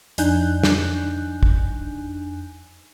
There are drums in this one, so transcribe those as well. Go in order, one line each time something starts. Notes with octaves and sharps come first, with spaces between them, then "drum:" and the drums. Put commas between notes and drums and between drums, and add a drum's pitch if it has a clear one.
F2 D4 D#4 G#5 F#6 G6, drum: hi-hat
drum: snare
drum: kick